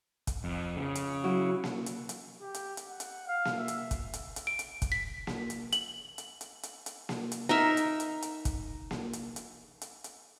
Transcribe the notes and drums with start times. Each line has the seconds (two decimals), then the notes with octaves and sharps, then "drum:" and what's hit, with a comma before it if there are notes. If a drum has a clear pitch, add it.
0.27 drum: kick, hi-hat
0.44 F2
0.77 C#3
0.95 drum: hi-hat
1.24 F#3 E4 F#4
1.64 drum: snare A#3
1.86 drum: hi-hat
2.09 drum: hi-hat
2.41 G4
2.54 drum: hi-hat
2.77 drum: hi-hat
2.88 F#5
3.00 drum: hi-hat
3.28 F5
3.45 drum: snare A#3
3.58 E5
3.68 drum: hi-hat
3.91 drum: kick, hi-hat
4.13 drum: hi-hat
4.36 drum: hi-hat
4.47 D7
4.59 drum: hi-hat
4.82 drum: kick, hi-hat
4.92 B6
5.27 drum: snare A#3
5.50 drum: hi-hat
5.73 F#7, drum: hi-hat
6.18 drum: hi-hat
6.41 drum: hi-hat
6.63 drum: hi-hat
6.86 drum: hi-hat
7.09 drum: snare A#3
7.32 drum: hi-hat
7.49 D#4 A#4 E5
7.77 drum: hi-hat
8.00 drum: hi-hat
8.22 drum: hi-hat
8.45 drum: kick, hi-hat
8.91 drum: snare A#3
9.13 drum: hi-hat
9.36 drum: hi-hat
9.81 drum: hi-hat
10.04 drum: hi-hat